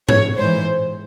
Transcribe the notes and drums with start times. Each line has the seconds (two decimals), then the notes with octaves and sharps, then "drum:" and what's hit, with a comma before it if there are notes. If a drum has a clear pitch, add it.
0.09 C#5, drum: tom G#2
0.37 G#2 E3 C5